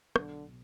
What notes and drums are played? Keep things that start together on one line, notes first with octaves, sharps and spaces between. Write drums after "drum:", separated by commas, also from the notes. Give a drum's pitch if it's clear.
B1 D3, drum: rim click
B2